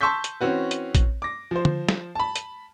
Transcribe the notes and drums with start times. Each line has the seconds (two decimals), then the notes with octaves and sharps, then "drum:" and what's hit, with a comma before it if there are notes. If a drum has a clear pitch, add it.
0.01 A5 C6 C#6 E6 G6 B6
0.24 drum: hi-hat
0.41 E3 C4 C#4 F#4 B4
0.71 drum: hi-hat
0.95 drum: kick A#1, hi-hat
1.22 D6 A#6
1.51 F3 C5
1.65 drum: tom D3
1.89 drum: snare
2.15 A5 B5
2.36 drum: hi-hat